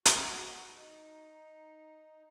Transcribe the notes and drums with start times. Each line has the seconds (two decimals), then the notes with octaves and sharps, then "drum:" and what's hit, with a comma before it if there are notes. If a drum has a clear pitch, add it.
0.05 F#4, drum: hi-hat
0.75 D#4